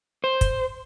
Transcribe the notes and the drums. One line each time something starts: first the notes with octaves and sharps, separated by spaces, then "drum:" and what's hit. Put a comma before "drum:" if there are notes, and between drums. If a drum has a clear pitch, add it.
C5
drum: kick, hi-hat